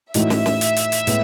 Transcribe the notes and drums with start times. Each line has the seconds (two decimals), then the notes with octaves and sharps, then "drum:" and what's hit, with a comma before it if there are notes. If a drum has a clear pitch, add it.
0.14 A2 E3 A3 D#4 F#4 E5, drum: hi-hat
0.30 drum: snare
0.46 drum: snare
0.61 drum: hi-hat
0.77 drum: hi-hat
0.92 drum: hi-hat
1.07 A2 G#3 B3, drum: hi-hat